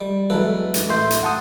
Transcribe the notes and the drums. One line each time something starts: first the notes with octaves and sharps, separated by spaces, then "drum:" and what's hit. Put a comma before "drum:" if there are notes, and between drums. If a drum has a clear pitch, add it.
G3
B1 E3 G#3 A4 B4
drum: hi-hat
A1 E5 C6 G6
drum: hi-hat
F#5 A5 D#6